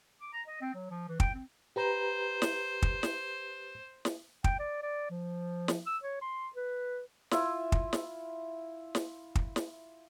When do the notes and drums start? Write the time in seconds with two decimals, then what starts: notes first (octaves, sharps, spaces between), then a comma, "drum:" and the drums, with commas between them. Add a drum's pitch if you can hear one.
0.21 D6
0.33 A#5
0.47 D#5
0.61 C4
0.74 F#3
0.90 F3
1.08 E3
1.20 G5, drum: kick
1.34 C4
1.76 G4 B4 C5 A#5
2.42 drum: snare
2.82 drum: kick
3.03 drum: snare
4.05 drum: snare
4.44 G5, drum: kick
4.59 D5
4.83 D5
5.10 F3
5.68 drum: snare
5.86 E6
6.04 C#5
6.21 C6
6.56 B4
7.31 E4 F4 E5, drum: snare
7.72 drum: kick
7.93 drum: snare
8.95 drum: snare
9.35 drum: kick
9.56 drum: snare